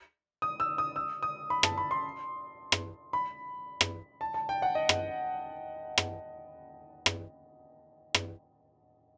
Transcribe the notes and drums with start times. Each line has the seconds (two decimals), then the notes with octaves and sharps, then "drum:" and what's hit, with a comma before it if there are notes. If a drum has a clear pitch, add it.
0.42 D#6
0.60 E6
0.78 D#6
0.96 E6
1.23 D#6
1.50 B5
1.63 A5, drum: rim click
1.78 B5
1.91 C6
2.72 drum: rim click
3.13 B5
3.81 drum: rim click
4.21 A5
4.34 A5
4.49 G5
4.62 F#5
4.75 D#5
4.89 drum: rim click
5.98 drum: rim click
7.06 drum: rim click
8.15 drum: rim click